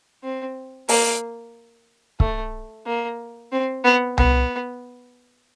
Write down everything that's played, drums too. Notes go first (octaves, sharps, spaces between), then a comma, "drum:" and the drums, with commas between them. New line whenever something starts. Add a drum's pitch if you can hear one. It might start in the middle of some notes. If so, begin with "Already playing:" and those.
C4
A#3, drum: open hi-hat
A3, drum: kick C#1
A#3
C4
B3
B3, drum: tom C2